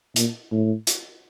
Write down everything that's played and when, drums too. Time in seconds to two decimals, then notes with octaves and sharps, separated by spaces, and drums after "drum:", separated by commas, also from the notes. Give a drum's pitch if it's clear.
0.16 A#2, drum: hi-hat
0.52 A2
0.87 drum: hi-hat